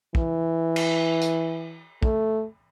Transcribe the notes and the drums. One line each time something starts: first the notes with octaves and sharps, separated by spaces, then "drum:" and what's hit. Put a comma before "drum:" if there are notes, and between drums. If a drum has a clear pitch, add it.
E3, drum: kick
drum: cymbal
drum: hi-hat
A3, drum: kick